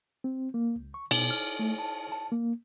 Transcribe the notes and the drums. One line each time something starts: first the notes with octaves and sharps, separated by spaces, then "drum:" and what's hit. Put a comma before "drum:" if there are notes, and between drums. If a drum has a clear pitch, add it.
C4
A#3
C#2
C#6
B2, drum: cymbal
F6
A3
A5
A5
A#3